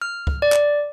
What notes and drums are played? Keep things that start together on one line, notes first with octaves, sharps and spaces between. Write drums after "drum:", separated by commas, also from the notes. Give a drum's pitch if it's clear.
F6
drum: kick
D5
drum: clap